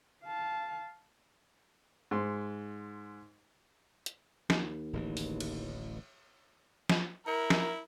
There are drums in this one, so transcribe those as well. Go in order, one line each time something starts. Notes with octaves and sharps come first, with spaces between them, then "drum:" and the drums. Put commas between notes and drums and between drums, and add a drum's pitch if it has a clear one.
F5 A5
G#2 C6
drum: hi-hat
D#2, drum: snare
D1 A1 E3
drum: open hi-hat
drum: cymbal
drum: snare
E4 A#4
drum: snare